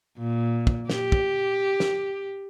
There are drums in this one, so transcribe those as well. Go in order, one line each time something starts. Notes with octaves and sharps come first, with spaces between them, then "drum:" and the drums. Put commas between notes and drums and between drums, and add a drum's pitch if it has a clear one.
A#2
drum: kick
G4, drum: snare
drum: kick
drum: snare